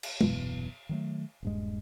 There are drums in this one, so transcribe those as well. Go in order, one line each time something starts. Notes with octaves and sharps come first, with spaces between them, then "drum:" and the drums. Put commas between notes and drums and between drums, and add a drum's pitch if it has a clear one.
drum: cymbal
D#1 F#2 B2 E3, drum: tom
D#3 F#3 A3
D#1 G2 G#3